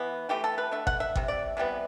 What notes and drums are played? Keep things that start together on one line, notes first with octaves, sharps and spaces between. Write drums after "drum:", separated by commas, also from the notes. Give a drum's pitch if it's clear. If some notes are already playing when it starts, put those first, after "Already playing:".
Already playing: E3 B3
E3 A3 G4
A4
B4
D3 A3 E5
F#5, drum: kick G#1
E5
C3 G3, drum: kick G#1
D5
C3 E3 G3 B3